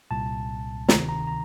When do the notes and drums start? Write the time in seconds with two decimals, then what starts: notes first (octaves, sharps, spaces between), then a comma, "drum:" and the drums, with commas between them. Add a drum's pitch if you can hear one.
0.11 C2 A#2 A5
0.89 D2 C3 D#3 A#5, drum: snare
1.09 A#5
1.27 A#5